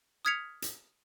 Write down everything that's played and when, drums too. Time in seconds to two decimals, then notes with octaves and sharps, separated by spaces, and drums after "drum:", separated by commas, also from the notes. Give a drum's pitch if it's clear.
0.25 D#6 F6 G#6 B6 C#7 F7
0.62 drum: hi-hat